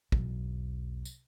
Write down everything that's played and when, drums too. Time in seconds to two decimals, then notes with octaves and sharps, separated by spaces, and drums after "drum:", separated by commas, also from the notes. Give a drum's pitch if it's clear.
0.12 B1 E2, drum: kick
1.05 drum: tambourine